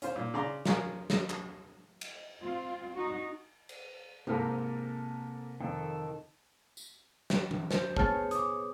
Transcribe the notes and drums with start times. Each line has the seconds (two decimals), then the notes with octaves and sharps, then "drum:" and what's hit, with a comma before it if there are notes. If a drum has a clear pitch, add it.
0.02 C#4 F4 C5, drum: hi-hat
0.16 A#2
0.34 C#3 D5 A#5 C6
0.65 F3 A#4 F5 G#5 C#6, drum: snare
1.10 drum: snare
1.30 drum: clap
2.01 drum: cymbal
2.42 C4 F4
2.93 D#4 F#4
3.69 drum: cymbal
4.27 G#2 C3 A#3 G4 A4 A#4 B5
5.61 F2 D#3 A4
6.77 drum: tambourine
7.30 drum: snare
7.51 drum: tom E3
7.71 C5, drum: snare
7.96 B3 G#4 C#5 A5 F6 A6, drum: kick
8.31 D6 D#6, drum: hi-hat